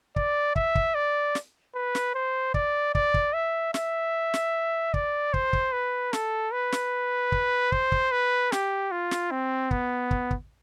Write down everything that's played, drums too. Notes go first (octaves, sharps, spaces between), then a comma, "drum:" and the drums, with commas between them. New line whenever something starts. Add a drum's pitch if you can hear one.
D5, drum: kick
E5, drum: kick
drum: kick
D5
drum: snare
B4
drum: snare
C5
D5, drum: kick
D5, drum: kick
drum: kick
E5
E5, drum: snare
drum: snare
D5, drum: kick
C5, drum: kick
drum: kick
B4
A4, drum: snare
B4
drum: snare
drum: kick
C5, drum: kick
drum: kick
B4
G4, drum: snare
F4
drum: snare
C4
B3, drum: kick
drum: kick
drum: kick